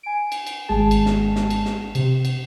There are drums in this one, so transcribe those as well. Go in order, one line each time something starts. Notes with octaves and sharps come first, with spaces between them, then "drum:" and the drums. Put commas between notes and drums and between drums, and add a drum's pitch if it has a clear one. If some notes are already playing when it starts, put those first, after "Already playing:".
G#5 D7
drum: cymbal
drum: cymbal
G#1 G#3 G#4 A5
drum: cymbal
drum: snare
drum: snare
drum: cymbal
drum: snare
C3, drum: cymbal
drum: cymbal